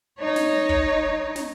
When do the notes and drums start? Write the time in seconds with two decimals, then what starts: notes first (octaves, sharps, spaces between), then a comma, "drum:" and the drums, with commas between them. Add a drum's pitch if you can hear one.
0.19 D#4 C#5
0.36 drum: snare
0.69 drum: kick
1.36 drum: snare